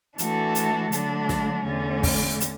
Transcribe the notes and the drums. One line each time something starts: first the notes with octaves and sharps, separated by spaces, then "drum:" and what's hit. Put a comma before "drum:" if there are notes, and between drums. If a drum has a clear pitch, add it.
E3 A3 D4 F#4 A4, drum: hi-hat
drum: hi-hat
D3 F#3 A3 D4, drum: hi-hat
drum: snare
E2 D3 A3 C#4
drum: kick, open hi-hat
drum: hi-hat